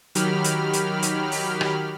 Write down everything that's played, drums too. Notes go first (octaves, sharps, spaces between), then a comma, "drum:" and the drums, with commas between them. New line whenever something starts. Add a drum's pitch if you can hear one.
D#3 F#3 G4 B5 F6, drum: hi-hat
drum: hi-hat
drum: hi-hat
drum: hi-hat
drum: open hi-hat
drum: rim click